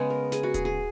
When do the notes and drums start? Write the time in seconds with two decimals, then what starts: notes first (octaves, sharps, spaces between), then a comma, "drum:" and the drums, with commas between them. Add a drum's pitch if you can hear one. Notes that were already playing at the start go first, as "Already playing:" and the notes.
Already playing: C#3 G#3 B3
0.10 A#4
0.32 G#4, drum: snare
0.43 F#4
0.54 G#4, drum: kick D#1, hi-hat
0.65 G#4